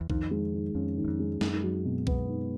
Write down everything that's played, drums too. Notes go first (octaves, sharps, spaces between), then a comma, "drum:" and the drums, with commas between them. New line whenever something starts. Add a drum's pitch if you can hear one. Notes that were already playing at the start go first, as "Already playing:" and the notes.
E2
F2 D#3, drum: kick C2
G#3
D#3
F2 C#4
D#3
F#2
F2
G#3
F#2 D#4, drum: snare
F#3
B2
B3, drum: kick C2
D#4